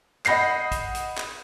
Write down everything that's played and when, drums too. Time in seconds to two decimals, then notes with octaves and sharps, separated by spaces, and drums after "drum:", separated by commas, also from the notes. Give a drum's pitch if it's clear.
0.26 D#5 F#5 B5 G6 A#6 C7, drum: clap
0.72 drum: kick, hi-hat
0.95 drum: hi-hat
1.18 drum: clap